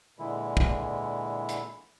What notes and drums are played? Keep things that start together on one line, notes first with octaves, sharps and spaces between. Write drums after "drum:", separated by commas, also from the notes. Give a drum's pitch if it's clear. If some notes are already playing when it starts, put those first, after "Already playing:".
A#2 D3 E3 G#3 E4
drum: kick
drum: hi-hat